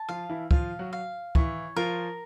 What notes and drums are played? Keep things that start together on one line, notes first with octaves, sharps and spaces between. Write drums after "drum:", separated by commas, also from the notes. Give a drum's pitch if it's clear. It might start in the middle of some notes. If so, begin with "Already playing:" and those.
Already playing: A5
F3 F4 F5
E3 E4
F3 F4 F5, drum: kick
F#3 F#4
F5
E3 E4 C#5, drum: kick
F3 F4 A#4